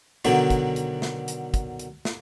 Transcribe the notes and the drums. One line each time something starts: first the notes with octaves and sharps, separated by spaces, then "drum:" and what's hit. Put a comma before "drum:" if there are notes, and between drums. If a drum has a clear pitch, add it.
B2 D3 D#3 F#3 D4, drum: hi-hat
drum: kick, hi-hat
drum: hi-hat
drum: snare
drum: hi-hat
drum: kick, hi-hat
drum: hi-hat
drum: snare